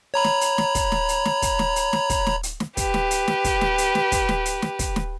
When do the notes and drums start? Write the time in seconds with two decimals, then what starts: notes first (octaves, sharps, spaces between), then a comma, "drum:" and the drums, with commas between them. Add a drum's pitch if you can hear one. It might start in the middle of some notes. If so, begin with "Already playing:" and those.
0.14 C#5 A#5 B5
0.24 drum: snare
0.41 drum: hi-hat
0.58 drum: snare
0.75 drum: kick, hi-hat
0.92 drum: snare
1.09 drum: hi-hat
1.25 drum: snare
1.42 drum: kick, hi-hat
1.59 drum: snare
1.76 drum: hi-hat
1.93 drum: snare
2.10 drum: kick, hi-hat
2.26 drum: snare
2.43 drum: hi-hat
2.60 drum: snare
2.77 G4 B4, drum: kick, hi-hat
2.94 drum: snare
3.11 drum: hi-hat
3.28 drum: snare
3.44 drum: kick, hi-hat
3.61 drum: snare
3.78 drum: hi-hat
3.95 drum: snare
4.12 drum: kick, hi-hat
4.29 drum: snare
4.45 drum: hi-hat
4.62 drum: snare
4.79 drum: kick, hi-hat
4.96 drum: snare